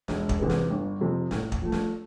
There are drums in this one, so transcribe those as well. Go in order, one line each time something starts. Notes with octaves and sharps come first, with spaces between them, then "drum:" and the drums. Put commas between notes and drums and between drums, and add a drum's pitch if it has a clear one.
E1, drum: snare
drum: kick
E2 C3 E3 B3
drum: snare
G1
F2 C3
A2, drum: snare
drum: kick
F3 A3
drum: snare